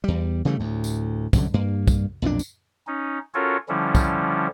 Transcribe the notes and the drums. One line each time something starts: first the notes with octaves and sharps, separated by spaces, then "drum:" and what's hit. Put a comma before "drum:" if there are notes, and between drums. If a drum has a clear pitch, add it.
E2 G3
C#3 E3 G3 A3
D2 A2
drum: tambourine
C2 F#2 D3, drum: kick, tambourine
G2 A#3
drum: kick, tambourine
B1 F2 A#2 D4
drum: tambourine
C#4 D#4
C#4 F4 F#4 A4 A#4 C#5
D3 F3 G3 C#4 E4
drum: kick, tambourine